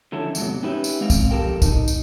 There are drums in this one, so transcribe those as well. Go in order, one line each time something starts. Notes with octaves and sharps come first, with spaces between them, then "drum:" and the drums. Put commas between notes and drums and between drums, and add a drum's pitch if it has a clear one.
D3 F3 C#4 E4 A4
E2 G#2 C3 F#3, drum: tambourine
C#4 D#4 G4 B4 C#5 E5
drum: tambourine
G#3 C4 F5
drum: kick, tambourine
F3 F#3 G4 A4 A#4 G5
D#4, drum: kick, tambourine
drum: tambourine